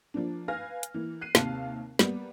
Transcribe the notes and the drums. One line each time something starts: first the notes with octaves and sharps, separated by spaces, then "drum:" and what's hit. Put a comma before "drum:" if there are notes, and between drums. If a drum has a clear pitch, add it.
F3 A#3 D4
B4 F5 G#5 F6 A#6
drum: hi-hat
E3 A#3
F#6 C7 D#7
D#2 C3 F5 A5, drum: snare
G3 A#3 B3, drum: snare